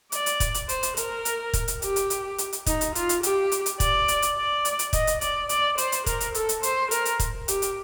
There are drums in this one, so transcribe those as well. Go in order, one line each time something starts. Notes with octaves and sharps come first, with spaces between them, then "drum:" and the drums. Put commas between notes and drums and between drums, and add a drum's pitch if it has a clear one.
D5, drum: hi-hat
drum: hi-hat
drum: kick, hi-hat
drum: hi-hat
C5, drum: hi-hat
drum: hi-hat
A#4, drum: hi-hat
drum: hi-hat
drum: kick, hi-hat
drum: hi-hat
G4, drum: hi-hat
drum: hi-hat
drum: hi-hat
drum: hi-hat
drum: hi-hat
D#4, drum: kick, hi-hat
drum: hi-hat
F4, drum: hi-hat
drum: hi-hat
G4, drum: hi-hat
drum: hi-hat
drum: hi-hat
D5, drum: kick, hi-hat
drum: hi-hat
drum: hi-hat
D5
drum: hi-hat
drum: hi-hat
D#5, drum: kick, hi-hat
drum: hi-hat
D5, drum: hi-hat
D5, drum: hi-hat
C5, drum: hi-hat
drum: hi-hat
A#4, drum: kick, hi-hat
drum: hi-hat
A4, drum: hi-hat
drum: hi-hat
C5, drum: hi-hat
A#4, drum: hi-hat
drum: hi-hat
drum: kick, hi-hat
G4, drum: hi-hat
drum: hi-hat